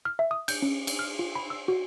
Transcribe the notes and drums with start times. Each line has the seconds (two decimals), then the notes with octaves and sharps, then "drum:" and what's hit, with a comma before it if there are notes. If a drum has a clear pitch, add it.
0.05 F6
0.19 E5
0.31 D#6
0.48 G6, drum: cymbal
0.62 C#4
0.87 drum: cymbal
0.99 F6
1.19 F4
1.35 B5
1.50 E6
1.68 F#4